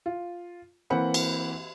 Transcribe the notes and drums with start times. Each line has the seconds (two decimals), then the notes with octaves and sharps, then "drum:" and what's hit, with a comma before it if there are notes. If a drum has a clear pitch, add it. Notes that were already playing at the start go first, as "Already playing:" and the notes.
0.06 F4
0.90 E3 A#3 C4 F#5 B5
1.14 drum: cymbal